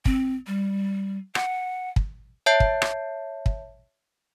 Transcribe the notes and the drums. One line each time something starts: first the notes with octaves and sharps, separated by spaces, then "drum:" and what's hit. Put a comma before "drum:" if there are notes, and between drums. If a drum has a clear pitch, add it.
C4, drum: kick
G3
F#5, drum: rim click
drum: kick
C#5 E5 A5 G6 C7
drum: kick
drum: rim click
drum: kick